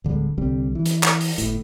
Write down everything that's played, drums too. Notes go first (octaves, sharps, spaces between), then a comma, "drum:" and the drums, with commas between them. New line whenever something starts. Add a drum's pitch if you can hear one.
D1 D3 G3 G#3
C2 D3 G3 C4
E3
drum: hi-hat
drum: clap
drum: open hi-hat
G1 A2, drum: hi-hat